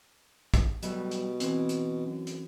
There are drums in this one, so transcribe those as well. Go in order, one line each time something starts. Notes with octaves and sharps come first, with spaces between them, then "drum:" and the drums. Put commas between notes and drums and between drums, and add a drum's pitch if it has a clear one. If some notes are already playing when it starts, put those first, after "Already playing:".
drum: kick, hi-hat
B2 F#3 G3 A3, drum: hi-hat
drum: hi-hat
E3 C4, drum: hi-hat
drum: hi-hat
F#2
drum: hi-hat